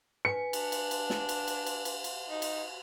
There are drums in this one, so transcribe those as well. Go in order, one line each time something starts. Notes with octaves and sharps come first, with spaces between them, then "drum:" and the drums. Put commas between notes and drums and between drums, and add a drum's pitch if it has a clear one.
B4 G#5 C#7
D4, drum: cymbal
drum: cymbal
drum: cymbal
drum: snare
drum: cymbal
drum: cymbal
drum: cymbal
drum: cymbal
drum: cymbal
D#4
drum: cymbal